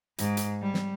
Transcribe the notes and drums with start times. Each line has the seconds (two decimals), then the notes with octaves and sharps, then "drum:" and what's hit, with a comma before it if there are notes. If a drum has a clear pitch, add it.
0.18 G#2, drum: hi-hat
0.37 drum: hi-hat
0.62 G3
0.74 drum: snare